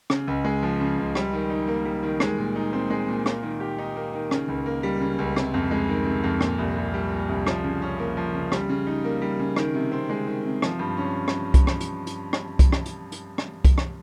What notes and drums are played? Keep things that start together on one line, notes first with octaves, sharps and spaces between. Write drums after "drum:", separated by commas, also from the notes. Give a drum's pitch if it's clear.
C#3, drum: rim click
C#2
G#3
F3
C#3
C#2
G3, drum: rim click
D#3
D#4
A#3
G3
D#3
G#3, drum: rim click
A#2
D#4
C4
G#3
A#2
A#3, drum: rim click
D#3
G4
D#4
A#3
D#3
C#3, drum: rim click
C#2
A#3
G3
C#3
C#2
C3, drum: rim click
F2
G#3
D#3
C3
F2
A#2, drum: rim click
C2
C2
G3
A#2
C2
F3, drum: rim click
C#3
C#4
A#3
F3
C#3
G3, drum: rim click
C#3
D#4
A#3
G3
C#3
D#3, drum: rim click
C3
C4
G#3
D#3
C3
F3, drum: rim click
G2
C#4
drum: rim click
drum: kick C2, hi-hat
drum: rim click
drum: hi-hat
drum: hi-hat
drum: rim click
drum: kick C2, hi-hat
drum: rim click
drum: hi-hat
drum: hi-hat
drum: rim click
drum: kick C2, hi-hat
drum: rim click